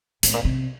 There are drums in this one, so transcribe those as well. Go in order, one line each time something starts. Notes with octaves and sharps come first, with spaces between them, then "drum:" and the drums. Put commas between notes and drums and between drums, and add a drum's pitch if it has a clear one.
A2, drum: hi-hat
A#2
C3